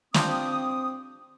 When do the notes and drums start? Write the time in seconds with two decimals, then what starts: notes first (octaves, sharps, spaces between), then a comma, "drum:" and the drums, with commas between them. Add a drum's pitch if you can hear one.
0.14 C4 D4 F4 G4 D#6, drum: snare